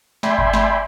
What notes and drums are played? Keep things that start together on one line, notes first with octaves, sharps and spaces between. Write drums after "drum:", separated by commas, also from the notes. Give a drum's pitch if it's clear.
D5 E5 G5 G#5 B5 C6, drum: snare
drum: kick G1
drum: snare